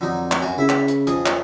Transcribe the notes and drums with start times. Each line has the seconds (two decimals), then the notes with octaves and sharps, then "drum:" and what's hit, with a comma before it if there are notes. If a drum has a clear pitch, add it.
0.01 F2 D3 F#3 D#4
0.32 drum: clap
0.41 F#2 F#4 G#5
0.58 C#3 E4 E5
0.69 drum: clap
0.88 drum: hi-hat
1.07 F2 G#4 D#6, drum: hi-hat
1.26 drum: clap